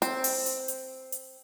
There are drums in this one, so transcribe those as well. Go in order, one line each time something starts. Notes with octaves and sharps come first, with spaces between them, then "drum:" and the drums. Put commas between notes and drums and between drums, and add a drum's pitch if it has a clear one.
C4, drum: hi-hat
drum: open hi-hat
drum: hi-hat
drum: hi-hat
drum: hi-hat